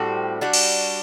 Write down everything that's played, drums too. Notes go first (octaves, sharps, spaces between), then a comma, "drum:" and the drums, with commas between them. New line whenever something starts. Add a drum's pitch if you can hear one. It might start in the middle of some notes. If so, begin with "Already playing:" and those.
Already playing: A2 G3 C4 F#4
G3 D4 F#4
drum: cymbal